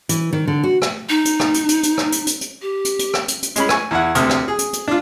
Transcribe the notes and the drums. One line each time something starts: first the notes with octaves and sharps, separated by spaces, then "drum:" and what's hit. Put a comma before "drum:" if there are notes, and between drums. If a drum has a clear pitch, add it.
E3, drum: hi-hat
D#3
D3
F#4
drum: rim click
D#4
drum: hi-hat
drum: rim click
drum: hi-hat
drum: hi-hat
drum: hi-hat
drum: rim click
drum: hi-hat
drum: hi-hat
drum: hi-hat
G4
drum: hi-hat
drum: hi-hat
drum: rim click
drum: hi-hat
drum: hi-hat
G#3 C#4 B5, drum: hi-hat
G#5 C#6, drum: rim click
E2 E4 F#5
D2 C3 D#6 F6, drum: hi-hat
drum: rim click
G#4
drum: hi-hat
drum: hi-hat
D4 F4